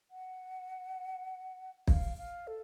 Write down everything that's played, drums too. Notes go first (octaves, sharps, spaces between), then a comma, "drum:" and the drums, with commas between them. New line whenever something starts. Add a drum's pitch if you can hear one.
F#5
F5, drum: kick
F5
A4